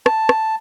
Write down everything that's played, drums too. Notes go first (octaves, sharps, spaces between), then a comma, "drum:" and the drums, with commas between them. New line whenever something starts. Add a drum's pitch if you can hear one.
A5, drum: rim click
drum: rim click